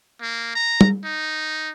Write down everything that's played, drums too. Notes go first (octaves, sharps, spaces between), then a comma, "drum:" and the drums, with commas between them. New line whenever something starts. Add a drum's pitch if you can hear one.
A#3
A#5
drum: tom
D#4